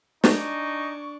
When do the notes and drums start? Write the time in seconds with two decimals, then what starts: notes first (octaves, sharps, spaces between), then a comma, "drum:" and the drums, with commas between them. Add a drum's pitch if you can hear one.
0.24 D4 D#4 G#5 C#6, drum: snare